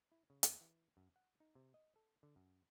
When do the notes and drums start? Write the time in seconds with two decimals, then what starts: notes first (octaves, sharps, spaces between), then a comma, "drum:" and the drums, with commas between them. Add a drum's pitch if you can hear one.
0.12 E4
0.30 C#3
0.43 D2, drum: hi-hat
0.61 E3
0.97 F#2
1.16 F#5
1.40 D#4
1.55 C3
1.74 D#5
1.96 A4
2.23 D3
2.36 F#2